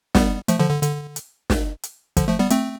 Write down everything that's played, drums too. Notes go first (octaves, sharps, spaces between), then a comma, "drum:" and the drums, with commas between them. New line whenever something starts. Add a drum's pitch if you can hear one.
G3 B3, drum: snare
F3 A3, drum: hi-hat
D3 F3
D3
D3, drum: hi-hat
drum: hi-hat
drum: snare
drum: hi-hat
D3 F3, drum: kick, hi-hat
F3 A3
G3 B3
A3 C4, drum: hi-hat